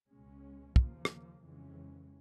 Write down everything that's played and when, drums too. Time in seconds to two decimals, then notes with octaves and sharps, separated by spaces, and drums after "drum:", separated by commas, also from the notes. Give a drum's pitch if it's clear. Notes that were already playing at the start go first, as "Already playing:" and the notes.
0.10 C#2 B2 G#3 C#4
0.76 D#2 C#3 F3 A#3, drum: kick
1.05 drum: rim click
1.42 F2 C#3 E3 G#3 C#4